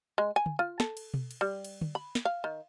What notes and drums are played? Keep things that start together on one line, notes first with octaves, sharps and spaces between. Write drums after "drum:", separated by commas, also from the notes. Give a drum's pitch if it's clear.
G#3
G#5
drum: tom
F4
A4, drum: snare
drum: cymbal
drum: tom B2
drum: cymbal
G3
drum: cymbal
drum: tom
B5
drum: snare
F5
D#3